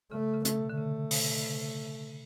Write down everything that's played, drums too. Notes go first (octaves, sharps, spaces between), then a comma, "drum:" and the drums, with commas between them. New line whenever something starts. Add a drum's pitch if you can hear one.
C#3 A3
C#3
A3, drum: hi-hat
B2
D3
C#3 A3
B2, drum: open hi-hat
C#3